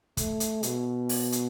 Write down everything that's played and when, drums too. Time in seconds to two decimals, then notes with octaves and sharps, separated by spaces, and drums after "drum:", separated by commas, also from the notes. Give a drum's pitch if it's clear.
0.17 A3, drum: kick, hi-hat
0.40 drum: hi-hat
0.63 B2, drum: hi-hat
1.09 drum: open hi-hat
1.32 drum: hi-hat